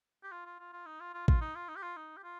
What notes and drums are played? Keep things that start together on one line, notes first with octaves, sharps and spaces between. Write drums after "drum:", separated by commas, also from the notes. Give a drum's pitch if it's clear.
G4
F4
F4
F4
F4
D#4
F4
F4
F4, drum: kick A1
D#4
F4
D#4
G4
F4
D#4
G4
F4